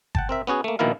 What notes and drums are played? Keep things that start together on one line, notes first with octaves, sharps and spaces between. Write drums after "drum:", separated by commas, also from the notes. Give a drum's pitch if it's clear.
F#5 G5 A5, drum: kick G1
C4 A#4 E5
B3 C#4 F#4 G#4
A3 A#3
A#1 B2 D#3 A#3 E4 F5